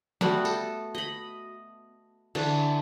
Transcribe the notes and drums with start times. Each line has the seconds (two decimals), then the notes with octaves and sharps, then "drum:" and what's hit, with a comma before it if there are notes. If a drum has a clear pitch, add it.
0.21 G3 A3 B3 F#4, drum: snare
0.45 A4, drum: tambourine
0.95 D#5 B5
2.35 D3 E3, drum: cymbal